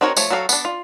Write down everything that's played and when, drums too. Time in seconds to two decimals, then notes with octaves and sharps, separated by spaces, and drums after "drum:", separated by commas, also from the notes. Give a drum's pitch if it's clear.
0.01 C4 D#4 F#4 A#4 C#5
0.17 F3 A3 C#5, drum: tambourine
0.31 F#3 F#4 A4 A#4 F5
0.49 B3 D4, drum: tambourine
0.65 F4